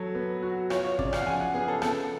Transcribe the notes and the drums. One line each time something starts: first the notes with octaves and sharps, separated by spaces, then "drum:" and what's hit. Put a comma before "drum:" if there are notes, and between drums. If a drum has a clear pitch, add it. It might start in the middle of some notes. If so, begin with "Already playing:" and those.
Already playing: F#3 A4
B3
F#4
F4 C#5, drum: rim click
C#5
C#3 D5, drum: kick
F5, drum: rim click
F#5
F3 G#5
F#5
B3 G#4
A4
B3 A4, drum: rim click